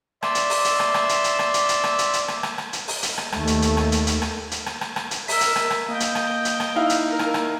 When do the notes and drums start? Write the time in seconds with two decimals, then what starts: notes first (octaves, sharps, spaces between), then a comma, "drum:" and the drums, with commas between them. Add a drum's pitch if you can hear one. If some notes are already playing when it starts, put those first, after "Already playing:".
0.23 D5 E5 C6 E6, drum: rim click
0.35 drum: hi-hat
0.50 drum: open hi-hat
0.65 drum: hi-hat
0.79 drum: rim click
0.94 drum: rim click
1.09 drum: hi-hat
1.24 drum: hi-hat
1.39 drum: rim click
1.54 drum: hi-hat
1.69 drum: hi-hat
1.84 drum: rim click
1.98 drum: hi-hat
2.13 drum: hi-hat
2.28 drum: rim click
2.43 drum: rim click
2.58 drum: rim click
2.73 drum: hi-hat
2.88 drum: open hi-hat
3.03 drum: hi-hat
3.18 drum: rim click
3.32 D#2 A3, drum: rim click
3.47 drum: hi-hat
3.62 drum: hi-hat
3.77 drum: rim click
3.92 drum: hi-hat
4.07 drum: hi-hat
4.22 drum: rim click
4.51 drum: hi-hat
4.66 drum: rim click
4.81 drum: rim click
4.96 drum: rim click
5.11 drum: hi-hat
5.28 A#4 E5 E6 B6, drum: open hi-hat
5.41 drum: hi-hat
5.56 drum: rim click
5.70 drum: rim click
5.89 A#3 D#5 G5
6.00 drum: hi-hat
6.15 drum: rim click
6.45 drum: hi-hat
6.60 drum: rim click
6.76 D#4 E4 F5
6.90 drum: hi-hat
7.07 A#4
7.19 drum: rim click
7.34 drum: rim click